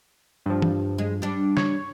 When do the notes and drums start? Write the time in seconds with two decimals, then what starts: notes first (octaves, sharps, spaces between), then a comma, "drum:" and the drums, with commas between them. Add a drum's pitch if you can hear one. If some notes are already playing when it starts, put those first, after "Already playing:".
0.46 G2 F3
0.62 drum: tom E3
0.98 G#3
1.22 G3 D4
1.57 C#5, drum: snare